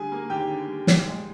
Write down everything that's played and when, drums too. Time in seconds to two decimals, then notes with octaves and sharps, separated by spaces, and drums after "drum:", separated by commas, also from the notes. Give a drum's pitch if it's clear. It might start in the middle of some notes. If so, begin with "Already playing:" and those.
Already playing: D3 G3 G#4 G#5
0.12 A#3
0.30 D#2 G4 G5
0.49 D3
0.67 G3
0.87 A#2, drum: snare
1.05 G#3